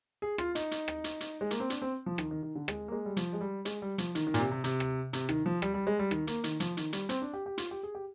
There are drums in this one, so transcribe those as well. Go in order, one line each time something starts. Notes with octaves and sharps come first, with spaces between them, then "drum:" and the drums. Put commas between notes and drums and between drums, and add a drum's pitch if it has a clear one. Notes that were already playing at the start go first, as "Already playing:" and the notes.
G#4
F4, drum: rim click
D#4, drum: hi-hat
drum: hi-hat
drum: rim click
drum: hi-hat
drum: hi-hat
G#3
A#3, drum: hi-hat
C4
D4, drum: hi-hat
C4
F3
D#3, drum: rim click
D#3
D#3
D3
G#3, drum: rim click
A#3
G#3
G3
F3, drum: hi-hat
G#3
G3
G#3, drum: hi-hat
G3
F3, drum: hi-hat
D#3, drum: hi-hat
D#3
A#2, drum: hi-hat
C3
C3
C3, drum: hi-hat
drum: rim click
C3, drum: hi-hat
D#3, drum: rim click
F3
G3, drum: rim click
G3
G#3
G3
D#3, drum: rim click
A#3, drum: hi-hat
D#3, drum: hi-hat
F3, drum: hi-hat
D#3, drum: hi-hat
G3, drum: hi-hat
C4, drum: hi-hat
D4
G4
G4
F4, drum: hi-hat
G4
G#4
G4